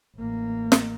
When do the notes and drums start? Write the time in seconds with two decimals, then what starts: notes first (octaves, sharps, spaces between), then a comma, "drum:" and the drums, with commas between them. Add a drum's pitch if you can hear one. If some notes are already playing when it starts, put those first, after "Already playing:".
0.16 A1 A#3
0.72 drum: snare